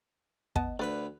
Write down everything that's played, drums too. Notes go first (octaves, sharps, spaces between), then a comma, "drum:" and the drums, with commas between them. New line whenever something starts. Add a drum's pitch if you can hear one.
B3 D#5 A5, drum: kick
D2 B4 D5 B5